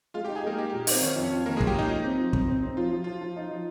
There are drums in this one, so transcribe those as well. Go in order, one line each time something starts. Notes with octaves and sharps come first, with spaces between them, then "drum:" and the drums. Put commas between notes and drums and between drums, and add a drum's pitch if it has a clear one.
G#3 F4 F5
G4 G5
D#4
G#4 G#5
G#3 A#3 A#4
D#4 G4
G4
A#2
C4 D#4 C5, drum: open hi-hat
D#3 C#4 C#5
F2
C#4 C#5
F4
D#3 A#3 A#4
G#3 G#4
F4, drum: kick
G4 G5
A#3 D#4 D#5
F3
C4
F3
C4, drum: kick
C4
C4
F3 F4
F3
F3 F4
F3
D#4
F3